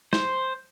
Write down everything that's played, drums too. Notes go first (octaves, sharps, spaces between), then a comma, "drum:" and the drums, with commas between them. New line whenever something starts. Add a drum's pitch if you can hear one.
C5, drum: snare